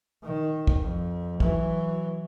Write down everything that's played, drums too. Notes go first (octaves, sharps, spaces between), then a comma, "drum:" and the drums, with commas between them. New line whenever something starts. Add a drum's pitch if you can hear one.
D#3
drum: kick
F2
E3 F#3, drum: kick